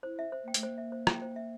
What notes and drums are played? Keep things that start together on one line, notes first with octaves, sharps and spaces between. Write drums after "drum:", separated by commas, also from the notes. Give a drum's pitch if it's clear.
E4 C5
E5
C5
A#3 G5
A3, drum: hi-hat
A#3 C5
E5
C5
G5, drum: rim click
C5
E5